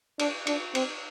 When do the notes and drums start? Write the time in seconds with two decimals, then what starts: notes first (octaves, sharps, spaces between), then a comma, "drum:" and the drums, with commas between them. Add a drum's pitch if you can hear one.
0.19 D4, drum: cymbal
0.47 D4, drum: cymbal
0.75 C4, drum: cymbal